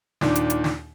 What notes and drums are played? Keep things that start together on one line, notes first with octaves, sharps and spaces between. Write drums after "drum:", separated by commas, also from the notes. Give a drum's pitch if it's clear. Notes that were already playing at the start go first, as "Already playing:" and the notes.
D#2 A#2 D#3 D4, drum: snare
drum: hi-hat
drum: hi-hat
drum: snare